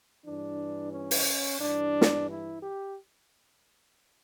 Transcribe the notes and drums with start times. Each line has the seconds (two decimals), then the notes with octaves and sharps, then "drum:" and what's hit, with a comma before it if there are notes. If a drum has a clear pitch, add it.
0.23 G2 E3 D4
0.92 C#4
1.11 drum: open hi-hat
1.60 G2 E3 D4
2.01 drum: snare
2.28 E4
2.62 G4